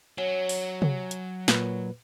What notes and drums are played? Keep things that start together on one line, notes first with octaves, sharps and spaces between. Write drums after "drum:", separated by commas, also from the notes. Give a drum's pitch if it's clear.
F#3 C#4
drum: open hi-hat
drum: tom C3
drum: hi-hat
A#2 B4, drum: snare